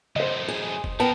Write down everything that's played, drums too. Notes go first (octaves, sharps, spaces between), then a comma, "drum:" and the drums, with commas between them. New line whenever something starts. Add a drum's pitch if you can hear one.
F#2 A2 C5 D#5, drum: tom C#3
G#4
drum: kick F1
F3 B3 A#4 G5 A5